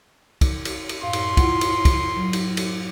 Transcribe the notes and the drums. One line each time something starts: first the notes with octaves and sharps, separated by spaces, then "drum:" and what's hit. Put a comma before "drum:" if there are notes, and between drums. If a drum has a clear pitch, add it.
drum: kick, cymbal
drum: cymbal
drum: cymbal
F#2 A2 F5 C6
drum: cymbal
E4 F4 F#5, drum: kick, cymbal
drum: cymbal
drum: kick, cymbal
F#3
drum: cymbal
drum: cymbal